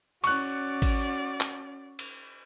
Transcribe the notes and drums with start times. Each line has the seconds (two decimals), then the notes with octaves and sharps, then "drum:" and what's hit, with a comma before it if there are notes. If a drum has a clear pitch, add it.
0.24 C#4 F#4 D5 C#6 F#6, drum: cymbal
0.82 drum: kick G#1, cymbal
1.40 drum: clap
1.99 drum: cymbal